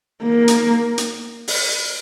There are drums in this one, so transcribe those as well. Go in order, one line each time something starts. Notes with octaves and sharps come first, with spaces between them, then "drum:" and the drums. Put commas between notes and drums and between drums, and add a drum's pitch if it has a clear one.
A#3
drum: hi-hat
drum: hi-hat
drum: open hi-hat